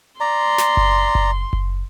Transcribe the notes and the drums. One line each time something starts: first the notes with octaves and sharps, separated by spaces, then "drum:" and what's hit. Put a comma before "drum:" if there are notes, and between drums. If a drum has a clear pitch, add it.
D5 A#5 C6
drum: snare
drum: kick F#1
drum: kick F#1
drum: kick F#1